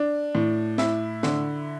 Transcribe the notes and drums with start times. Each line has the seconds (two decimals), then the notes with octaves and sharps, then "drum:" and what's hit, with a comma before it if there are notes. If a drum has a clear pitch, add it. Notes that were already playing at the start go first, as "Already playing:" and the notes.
Already playing: D4
0.35 A2
0.78 E4, drum: snare
1.23 D3, drum: snare